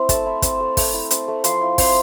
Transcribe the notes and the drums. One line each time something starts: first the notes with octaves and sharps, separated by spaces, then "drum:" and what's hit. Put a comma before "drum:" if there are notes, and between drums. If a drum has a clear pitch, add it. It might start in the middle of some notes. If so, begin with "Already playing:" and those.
Already playing: C4 E4
A3 A5, drum: kick, hi-hat
E4
C4, drum: kick, hi-hat
A3
A3, drum: kick, open hi-hat
E4
C4, drum: hi-hat
A3
F3 C6, drum: hi-hat
E4
C4 C6, drum: kick, open hi-hat